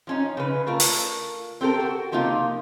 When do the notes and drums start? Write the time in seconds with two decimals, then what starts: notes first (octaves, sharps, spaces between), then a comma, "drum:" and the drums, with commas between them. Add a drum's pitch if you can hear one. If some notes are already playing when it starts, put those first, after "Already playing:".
0.07 F3 C#4 D#4
0.37 C#3 B4
0.67 A3 F4 A#4
0.80 drum: open hi-hat
1.61 C4 G4 A4 A#4
1.80 F#4
2.12 C3 F3 A#3 D#4 F4